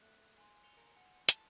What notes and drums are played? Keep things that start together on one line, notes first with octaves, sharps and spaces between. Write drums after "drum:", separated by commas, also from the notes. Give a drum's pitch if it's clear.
A3 F#6
G#5 C6
C#7 F7 G7
A#4
F#5 C#7
A5, drum: hi-hat